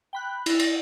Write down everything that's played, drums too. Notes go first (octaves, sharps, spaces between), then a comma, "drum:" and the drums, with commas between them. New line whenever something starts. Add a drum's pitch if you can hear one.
G5 B5 F#6
E4, drum: cymbal
drum: cymbal